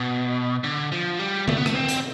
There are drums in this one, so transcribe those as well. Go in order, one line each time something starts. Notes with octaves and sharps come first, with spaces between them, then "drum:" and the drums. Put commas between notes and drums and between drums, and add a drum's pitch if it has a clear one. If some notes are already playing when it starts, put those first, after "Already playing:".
Already playing: B2
D3
F3
G3
A3, drum: tom D3
B3
A3, drum: rim click
C4
drum: hi-hat